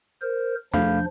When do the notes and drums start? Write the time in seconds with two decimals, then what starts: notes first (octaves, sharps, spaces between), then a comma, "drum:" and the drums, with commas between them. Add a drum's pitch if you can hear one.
0.22 A#4 C5
0.74 F3 A3 D4 F5 B5 G6, drum: tom